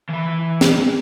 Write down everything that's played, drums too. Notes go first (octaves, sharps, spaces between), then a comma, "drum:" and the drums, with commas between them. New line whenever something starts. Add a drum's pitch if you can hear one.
E3 B5
drum: snare